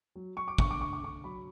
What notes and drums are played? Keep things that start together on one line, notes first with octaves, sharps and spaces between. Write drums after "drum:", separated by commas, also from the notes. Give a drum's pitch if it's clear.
F#3
F#3 C#6
D6
D3 C#6, drum: kick
D6
D3 C#6
D6
D3 C#6
F#3 B5